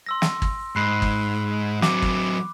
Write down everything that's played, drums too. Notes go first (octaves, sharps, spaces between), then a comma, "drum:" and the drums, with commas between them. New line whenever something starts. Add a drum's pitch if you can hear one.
C6 E6 A#6
drum: snare
drum: kick G#1
G#2 B5 F#6 C7
drum: kick G#1
F#3 C4 D6, drum: snare
drum: kick G#1